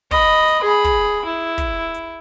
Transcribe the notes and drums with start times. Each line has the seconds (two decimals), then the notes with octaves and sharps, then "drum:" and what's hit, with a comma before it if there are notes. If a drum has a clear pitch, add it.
0.11 D#5 B5, drum: kick, hi-hat
0.48 drum: hi-hat
0.63 G#4 B5
0.84 drum: kick, hi-hat
1.25 E4
1.58 drum: kick, hi-hat
1.94 drum: hi-hat